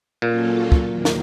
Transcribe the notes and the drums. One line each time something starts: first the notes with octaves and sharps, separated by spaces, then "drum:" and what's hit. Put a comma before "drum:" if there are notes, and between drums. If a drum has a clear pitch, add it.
A#2 F#3 A#3 C#4 F4 A4
drum: kick
E2 C3 D#3 F#3 A#3
drum: snare